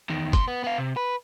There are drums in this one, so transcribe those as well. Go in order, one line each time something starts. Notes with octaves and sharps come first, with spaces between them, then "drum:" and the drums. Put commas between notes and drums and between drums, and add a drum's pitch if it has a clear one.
E2 D#3
C#3 C6, drum: kick, hi-hat
B3
B3 F5
C3
B4